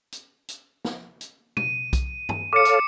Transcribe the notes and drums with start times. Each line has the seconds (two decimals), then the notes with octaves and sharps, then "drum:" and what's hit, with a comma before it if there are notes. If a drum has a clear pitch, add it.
0.12 drum: hi-hat
0.48 drum: hi-hat
0.85 drum: snare
1.21 drum: hi-hat
1.57 D#7, drum: tom
1.93 drum: kick B1, hi-hat
2.29 drum: tom
2.53 A4 C#5 F5 D6 C#7
2.65 drum: hi-hat